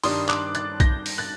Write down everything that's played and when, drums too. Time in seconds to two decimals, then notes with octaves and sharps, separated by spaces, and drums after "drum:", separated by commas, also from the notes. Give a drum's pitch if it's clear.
0.04 G2 D#3 G3 D4 C6 D#6, drum: open hi-hat
0.29 D6 F#6, drum: clap
0.55 F#6 A6, drum: hi-hat
0.80 G6 A#6, drum: kick B1, hi-hat
1.06 drum: open hi-hat
1.18 F#6 A6